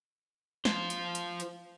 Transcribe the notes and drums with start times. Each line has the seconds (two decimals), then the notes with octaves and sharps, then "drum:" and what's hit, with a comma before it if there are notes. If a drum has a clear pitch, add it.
0.65 F4 C5, drum: snare
0.90 drum: hi-hat
1.15 drum: hi-hat
1.40 drum: hi-hat